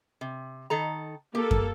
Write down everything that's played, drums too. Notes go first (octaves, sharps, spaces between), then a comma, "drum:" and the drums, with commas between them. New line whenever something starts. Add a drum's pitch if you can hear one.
C3
D#3 A4 A#5
A#3 G4 A4
drum: kick F#2